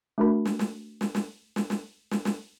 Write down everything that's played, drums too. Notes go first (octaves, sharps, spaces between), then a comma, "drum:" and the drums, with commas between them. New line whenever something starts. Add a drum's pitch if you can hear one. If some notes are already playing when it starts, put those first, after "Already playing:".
A3 D4 F#4 A#4 B5
drum: snare
drum: snare
drum: snare
drum: snare
drum: snare
drum: snare
drum: snare
drum: snare